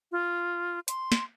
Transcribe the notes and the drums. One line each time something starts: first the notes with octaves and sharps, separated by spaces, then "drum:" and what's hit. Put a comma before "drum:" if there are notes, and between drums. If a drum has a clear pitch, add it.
F4
C6, drum: hi-hat
drum: snare